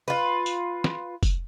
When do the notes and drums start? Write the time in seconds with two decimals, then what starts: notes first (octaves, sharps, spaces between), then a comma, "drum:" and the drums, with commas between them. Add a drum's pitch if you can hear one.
0.08 F4 B4
0.46 drum: tambourine
0.84 drum: snare
1.23 drum: kick, tambourine